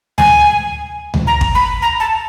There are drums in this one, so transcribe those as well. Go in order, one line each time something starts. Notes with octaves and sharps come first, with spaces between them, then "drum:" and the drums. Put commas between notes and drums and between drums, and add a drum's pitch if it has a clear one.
G#5, drum: tom D2
drum: tom D2
A#5
drum: kick
B5
A#5
A5